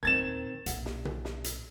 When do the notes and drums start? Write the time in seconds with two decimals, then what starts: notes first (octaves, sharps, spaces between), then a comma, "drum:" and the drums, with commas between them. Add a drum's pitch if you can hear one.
0.03 D#2 A#2 D#3 C4 G#6 A6 E7
0.66 B1 A#2 F#5, drum: hi-hat
0.86 drum: snare
1.05 drum: tom B2
1.25 drum: snare
1.44 drum: hi-hat